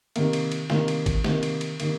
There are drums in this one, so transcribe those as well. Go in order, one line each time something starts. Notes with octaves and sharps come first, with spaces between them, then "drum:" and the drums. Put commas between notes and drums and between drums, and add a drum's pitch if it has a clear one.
C3 D#3 A#3, drum: cymbal
drum: cymbal
drum: cymbal
C3 D#3 A#3, drum: snare
drum: cymbal
drum: kick G1, cymbal
C3 D#3 A#3, drum: snare
drum: cymbal
drum: cymbal
C3 D#3 A#3, drum: cymbal